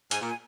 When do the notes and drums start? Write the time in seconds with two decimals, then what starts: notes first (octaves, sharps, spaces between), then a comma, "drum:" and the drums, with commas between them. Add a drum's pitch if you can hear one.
0.11 G#2 G#5, drum: hi-hat
0.21 A#2
0.30 G#5